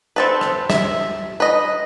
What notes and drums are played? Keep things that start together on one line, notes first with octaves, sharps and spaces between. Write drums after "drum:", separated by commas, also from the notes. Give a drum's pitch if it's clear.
C4 A4 B4
drum: rim click
E5, drum: snare
B4 D#5